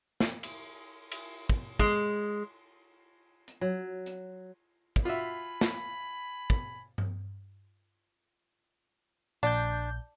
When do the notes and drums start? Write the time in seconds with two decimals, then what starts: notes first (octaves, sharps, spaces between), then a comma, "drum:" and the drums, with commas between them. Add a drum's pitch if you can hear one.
0.20 drum: snare
0.43 drum: cymbal
1.12 drum: cymbal
1.49 drum: kick
1.79 G#3, drum: kick
3.48 drum: hi-hat
3.61 F#3
4.06 drum: hi-hat
4.96 drum: kick
5.05 F4 F#4 E5 G#5 B5
5.61 drum: snare
6.50 drum: kick
6.98 drum: tom G2
9.43 A#1 D4 G6